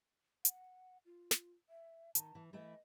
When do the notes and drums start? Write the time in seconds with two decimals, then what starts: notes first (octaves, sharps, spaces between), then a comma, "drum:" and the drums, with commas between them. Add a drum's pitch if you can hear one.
0.45 F#5, drum: hi-hat
1.05 F4
1.31 drum: snare
1.69 E5
2.15 D#3 A5, drum: hi-hat
2.35 E3
2.53 E3 A3 E4 D#5